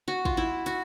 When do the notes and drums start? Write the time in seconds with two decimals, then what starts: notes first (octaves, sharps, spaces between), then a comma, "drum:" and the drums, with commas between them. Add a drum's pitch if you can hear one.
0.08 F#4
0.25 F4, drum: kick
0.37 E4
0.66 F#4, drum: hi-hat